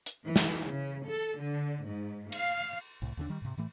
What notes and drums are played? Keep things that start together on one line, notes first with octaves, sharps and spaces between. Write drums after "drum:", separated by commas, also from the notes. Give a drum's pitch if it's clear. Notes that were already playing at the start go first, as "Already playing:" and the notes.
drum: hi-hat
E3
drum: snare
C#3
A4
D3
G#2
F5, drum: cymbal
C2 A2
D#2 D3 D4
D#3 G3
G#2 C3
A2 E3 A3